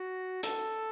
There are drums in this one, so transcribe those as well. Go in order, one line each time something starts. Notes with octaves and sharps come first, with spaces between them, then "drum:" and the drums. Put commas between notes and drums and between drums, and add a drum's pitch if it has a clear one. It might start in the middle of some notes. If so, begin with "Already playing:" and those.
Already playing: F#4
A4, drum: hi-hat